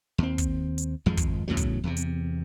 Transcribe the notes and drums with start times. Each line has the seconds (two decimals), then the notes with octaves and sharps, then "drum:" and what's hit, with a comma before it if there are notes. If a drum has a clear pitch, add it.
0.18 D#2 C4
0.38 drum: kick, hi-hat
0.78 drum: hi-hat
1.06 G#1 F2 F3 G#3
1.17 drum: kick, hi-hat
1.48 E2 A2 C#3 F#3
1.57 drum: kick, hi-hat
1.84 E2 C3
1.97 drum: hi-hat